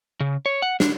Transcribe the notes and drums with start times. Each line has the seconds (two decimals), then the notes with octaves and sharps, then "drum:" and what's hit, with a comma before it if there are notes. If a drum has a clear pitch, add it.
0.20 C#3
0.46 C#5
0.62 F#5
0.80 D4, drum: snare